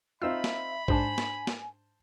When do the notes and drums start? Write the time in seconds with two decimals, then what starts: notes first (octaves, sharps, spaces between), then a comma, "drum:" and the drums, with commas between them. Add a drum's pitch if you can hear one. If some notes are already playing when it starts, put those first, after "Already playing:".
0.22 C4 D#4 F4 E5 B5 E6
0.44 drum: snare
0.88 G#2 D4 C5 G#5 A5, drum: kick
1.18 drum: snare
1.47 drum: snare